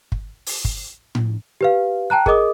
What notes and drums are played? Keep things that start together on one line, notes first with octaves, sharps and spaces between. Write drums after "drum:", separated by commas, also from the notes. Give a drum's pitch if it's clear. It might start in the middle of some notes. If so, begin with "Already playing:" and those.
drum: kick
drum: open hi-hat
drum: kick
drum: tom A2
G4 B4 F5
G5 A5 A#5 F#6
G#4 A#4 D#5 D6 D#6, drum: kick